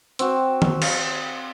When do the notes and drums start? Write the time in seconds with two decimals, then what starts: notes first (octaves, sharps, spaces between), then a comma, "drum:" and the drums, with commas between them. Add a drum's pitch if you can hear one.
0.19 C4 F#4, drum: hi-hat
0.62 drum: tom D#3
0.82 F5, drum: cymbal